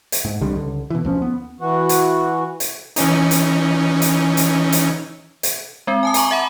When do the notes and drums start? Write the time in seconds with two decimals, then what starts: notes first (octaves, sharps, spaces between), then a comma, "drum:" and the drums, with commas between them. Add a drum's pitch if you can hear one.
0.12 drum: hi-hat
0.25 G#2
0.41 C2 D3 D#3 G3
0.55 C#2 D3
0.90 B2 E3
1.05 D2 F3 C#4
1.22 B3
1.60 E3 F#4
1.89 drum: hi-hat
2.60 drum: hi-hat
2.96 E3 C#4 D#4, drum: hi-hat
3.31 drum: hi-hat
4.02 drum: hi-hat
4.37 drum: hi-hat
4.72 drum: hi-hat
5.43 drum: hi-hat
5.87 G#3 C4
6.03 G#5 A5 D#6
6.14 G#5 A#5 C#6 D6, drum: hi-hat
6.31 E5 F#5 B5